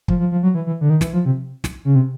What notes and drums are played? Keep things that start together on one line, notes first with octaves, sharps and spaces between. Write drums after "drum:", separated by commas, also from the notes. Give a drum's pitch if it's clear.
F3, drum: kick
F3
F3
F#3
E3
E3
D3
D#3
E3, drum: snare
F3
C3
drum: snare
C#3
C3